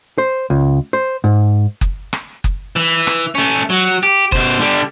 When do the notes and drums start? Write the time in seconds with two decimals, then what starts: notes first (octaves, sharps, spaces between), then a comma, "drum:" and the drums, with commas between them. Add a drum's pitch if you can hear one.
0.18 C5
0.50 C#2
0.93 C5
1.24 G#2
1.81 drum: kick F#1
2.13 drum: rim click
2.44 drum: kick F#1
2.76 E3
3.07 drum: rim click
3.35 A3 C#4
3.70 F#3
4.03 G4
4.32 B2 C5, drum: kick F#1
4.60 D3 G3